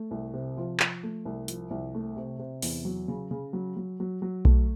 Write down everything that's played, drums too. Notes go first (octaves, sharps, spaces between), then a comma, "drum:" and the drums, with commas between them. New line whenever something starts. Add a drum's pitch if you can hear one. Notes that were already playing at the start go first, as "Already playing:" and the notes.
Already playing: A3
C2
C3
F3
F3, drum: clap
A3
C2
F3, drum: hi-hat
C2
A3
C3
C3
E2, drum: open hi-hat
F#3
C#3
C#3
F#3
F#3
F#3
F#3
A3, drum: kick B1